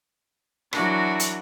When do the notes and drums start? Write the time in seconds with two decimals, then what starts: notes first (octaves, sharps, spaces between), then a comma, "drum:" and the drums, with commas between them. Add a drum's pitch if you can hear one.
0.73 E3 F#3 D4 F#4 A#4, drum: rim click
1.20 drum: hi-hat